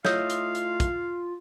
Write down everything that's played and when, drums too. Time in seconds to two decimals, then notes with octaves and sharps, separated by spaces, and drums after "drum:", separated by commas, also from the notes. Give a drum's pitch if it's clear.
0.05 A3 E4 F4 C#5 D#5 F5 G6, drum: snare
0.30 drum: hi-hat
0.55 drum: hi-hat
0.80 drum: kick, hi-hat